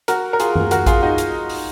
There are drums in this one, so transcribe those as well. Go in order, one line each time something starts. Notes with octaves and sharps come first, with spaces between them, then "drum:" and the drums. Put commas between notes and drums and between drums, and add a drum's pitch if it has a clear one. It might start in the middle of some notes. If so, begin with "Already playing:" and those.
F#4 A#4, drum: hi-hat
A#4
F4 G#4, drum: hi-hat
drum: tom F#2
F#4 A#4, drum: hi-hat
F4 G#4, drum: kick A1, hi-hat
D#4 F#4
drum: hi-hat
drum: open hi-hat